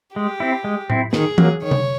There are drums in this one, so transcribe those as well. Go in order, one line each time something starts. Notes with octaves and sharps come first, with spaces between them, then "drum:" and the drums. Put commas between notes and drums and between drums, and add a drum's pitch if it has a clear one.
G#3 G4
C4 E4
G#3
C4 E4, drum: tom A2
D#3 G#4, drum: snare
F#3 A#3, drum: tom E3
D#3 C#5
drum: tom C3